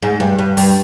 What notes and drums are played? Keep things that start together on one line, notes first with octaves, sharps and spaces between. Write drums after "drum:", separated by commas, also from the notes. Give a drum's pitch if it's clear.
G#2
G2
G2
G2, drum: open hi-hat